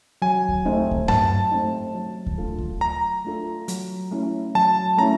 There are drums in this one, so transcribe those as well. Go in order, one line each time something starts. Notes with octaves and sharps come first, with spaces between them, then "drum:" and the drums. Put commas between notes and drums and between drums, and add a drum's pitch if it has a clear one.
F#3 G#5
drum: kick D2
A3 C4 D#4
drum: kick D2
F#3 A5, drum: tom G2
A3 C4 D#4
F#3
drum: kick D2
A3 D4 F4 A4
drum: kick D2
F#3 A#5
A3 D4 F4 A4
F#3, drum: hi-hat
A3 C#4 E4
F#3 A5
A3 C#4 E4 A#5